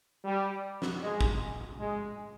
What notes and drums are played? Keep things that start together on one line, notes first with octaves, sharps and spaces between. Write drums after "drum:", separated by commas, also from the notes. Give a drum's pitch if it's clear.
G3
drum: snare
G#3
drum: kick
G#3